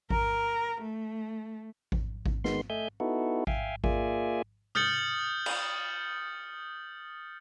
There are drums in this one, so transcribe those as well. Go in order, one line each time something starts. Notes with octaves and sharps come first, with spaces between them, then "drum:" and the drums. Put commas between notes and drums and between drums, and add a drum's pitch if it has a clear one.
A#4, drum: kick A1
A3
drum: kick A1
drum: kick A1
D#3 G#3 B3 C6, drum: snare
A3 D#5 E5 G#5 G6
B3 D#4 E4 F#4 A4
E5 F5 G5 G#5, drum: kick A1
A#3 F4 G#4 D5 E5 G#5, drum: kick A1
D#6 F6 G6 A6 C#7 F#7, drum: tom C3
drum: cymbal